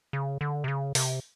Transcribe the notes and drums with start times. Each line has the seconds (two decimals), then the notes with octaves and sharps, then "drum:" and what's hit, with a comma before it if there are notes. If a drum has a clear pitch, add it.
0.13 C#3
0.41 D3
0.64 C3
0.68 C#3
0.95 C3, drum: open hi-hat